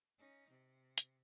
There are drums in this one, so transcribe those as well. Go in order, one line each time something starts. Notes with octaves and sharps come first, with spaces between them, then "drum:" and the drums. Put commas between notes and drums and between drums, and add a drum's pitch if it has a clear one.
C#4 D#4
C3
drum: hi-hat